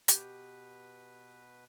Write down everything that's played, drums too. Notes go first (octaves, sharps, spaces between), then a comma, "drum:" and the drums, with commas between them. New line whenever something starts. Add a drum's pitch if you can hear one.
B2 G4 B4, drum: hi-hat